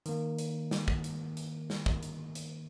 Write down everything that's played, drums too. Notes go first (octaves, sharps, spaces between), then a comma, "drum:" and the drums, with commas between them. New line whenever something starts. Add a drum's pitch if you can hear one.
D#3 A#3, drum: hi-hat
drum: hi-hat
drum: snare
drum: kick
drum: hi-hat
drum: hi-hat
drum: snare
drum: kick
drum: hi-hat
drum: hi-hat